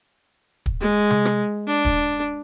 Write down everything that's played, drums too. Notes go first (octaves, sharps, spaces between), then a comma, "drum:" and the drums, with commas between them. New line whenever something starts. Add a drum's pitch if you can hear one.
drum: kick
G#3
drum: tom C3
drum: rim click
D4
drum: kick